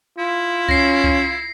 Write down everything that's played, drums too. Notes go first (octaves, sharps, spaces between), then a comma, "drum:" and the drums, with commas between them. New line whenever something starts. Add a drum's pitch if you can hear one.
E4 F4
C#4 A#6 C7, drum: kick C#2
drum: kick C#2